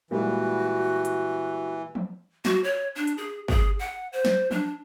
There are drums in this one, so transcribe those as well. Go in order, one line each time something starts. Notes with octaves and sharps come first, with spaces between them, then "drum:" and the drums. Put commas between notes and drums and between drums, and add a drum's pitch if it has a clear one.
A#2 E3 G3 G#3 F#4
drum: hi-hat
drum: tom E3
F#4, drum: snare
C#5
D4
drum: hi-hat
G#4
G#4, drum: kick
F#5
C5
drum: snare
D4, drum: tom E3